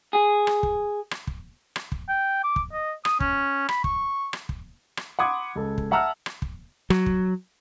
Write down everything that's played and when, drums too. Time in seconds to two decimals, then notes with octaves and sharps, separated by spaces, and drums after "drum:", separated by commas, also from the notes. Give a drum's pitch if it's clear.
0.13 G#4
0.47 drum: rim click
0.63 drum: kick
1.11 drum: rim click
1.27 drum: kick
1.76 drum: rim click
1.92 drum: kick
2.09 G5
2.44 D6
2.56 drum: kick
2.73 D#5
3.05 D#6, drum: rim click
3.20 C#4, drum: kick
3.69 B5, drum: rim click
3.84 C#6, drum: kick
4.33 drum: rim click
4.49 drum: kick
4.97 drum: rim click
5.19 F#5 B5 C6 D6 D#6 G#6
5.55 C#2 A4
5.78 drum: kick
5.91 E5 F#5 A5 A#5 E6 F6
6.26 drum: rim click
6.42 drum: kick
6.90 F#3, drum: rim click
7.06 drum: kick